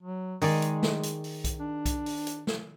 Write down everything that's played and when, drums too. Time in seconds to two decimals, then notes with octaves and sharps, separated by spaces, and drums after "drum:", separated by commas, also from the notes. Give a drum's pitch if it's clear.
0.02 F#3
0.42 D#3 G#3 G#4 D5, drum: open hi-hat
0.62 drum: hi-hat
0.83 drum: snare
1.03 drum: hi-hat
1.24 drum: open hi-hat
1.44 drum: kick B1, hi-hat
1.60 D4
1.86 drum: kick B1, hi-hat
2.06 drum: open hi-hat
2.27 drum: hi-hat
2.47 drum: snare